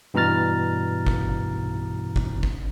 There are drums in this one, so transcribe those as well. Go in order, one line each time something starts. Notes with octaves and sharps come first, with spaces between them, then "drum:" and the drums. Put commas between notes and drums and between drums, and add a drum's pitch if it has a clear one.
G2 B2 E3 A#5 F6 A6
drum: kick G1
drum: kick G1
drum: kick G1